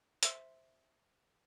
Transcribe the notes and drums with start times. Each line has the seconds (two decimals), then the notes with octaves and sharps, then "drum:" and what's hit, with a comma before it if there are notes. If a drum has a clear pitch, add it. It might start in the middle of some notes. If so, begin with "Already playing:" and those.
0.23 C5 E5, drum: hi-hat